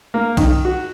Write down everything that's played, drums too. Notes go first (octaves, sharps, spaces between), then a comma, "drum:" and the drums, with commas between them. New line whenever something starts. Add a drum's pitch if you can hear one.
A#3
D#3, drum: kick B1, cymbal
F#4